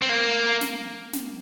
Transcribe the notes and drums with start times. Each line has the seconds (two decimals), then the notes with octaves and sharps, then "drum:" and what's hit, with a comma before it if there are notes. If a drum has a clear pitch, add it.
0.02 C4
0.09 A#3
0.61 drum: snare
1.13 drum: snare